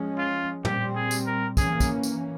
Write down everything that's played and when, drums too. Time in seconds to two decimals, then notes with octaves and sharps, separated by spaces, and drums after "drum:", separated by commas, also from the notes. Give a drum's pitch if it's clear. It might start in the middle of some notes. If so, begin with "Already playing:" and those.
Already playing: F3 G#3 C#4
0.18 F4
0.65 A#2 G3 C4 G4, drum: tom
0.96 G#4
1.11 drum: tambourine
1.26 A#4
1.57 E3 A#3 C#4 G#4, drum: kick, tambourine
1.80 drum: kick, tambourine
2.03 drum: tambourine